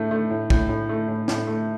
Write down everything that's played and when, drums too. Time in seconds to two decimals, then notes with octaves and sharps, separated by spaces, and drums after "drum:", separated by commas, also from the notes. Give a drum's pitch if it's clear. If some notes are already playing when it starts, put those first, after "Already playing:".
Already playing: A2 A3
0.11 A3
0.31 A2
0.50 A2, drum: kick
0.69 A2
0.89 A3
1.08 A2
1.28 A2, drum: snare
1.47 A3